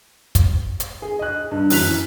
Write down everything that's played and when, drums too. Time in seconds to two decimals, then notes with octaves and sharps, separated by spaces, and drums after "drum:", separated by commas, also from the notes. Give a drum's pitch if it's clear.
0.35 drum: kick, hi-hat
0.80 drum: hi-hat
1.02 G#4
1.19 D#5 F#6
1.51 G2
1.70 F#2 E3 F#6 B6 F7, drum: open hi-hat